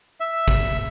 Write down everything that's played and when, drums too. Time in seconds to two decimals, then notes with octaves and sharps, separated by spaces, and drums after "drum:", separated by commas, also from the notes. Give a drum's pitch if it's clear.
0.20 E5
0.48 drum: kick